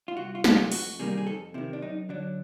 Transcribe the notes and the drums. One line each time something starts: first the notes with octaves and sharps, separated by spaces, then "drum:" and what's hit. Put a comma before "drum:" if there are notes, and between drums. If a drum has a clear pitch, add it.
F4
C2 F#4
F4
C3 F3 A3, drum: snare
F4
F2 F#4, drum: open hi-hat
C3 D#3 G3 A#3 G#4
G#4
F2 A4
C3 D#3 E4
D4
F#2 D#4
D3 F#3 D4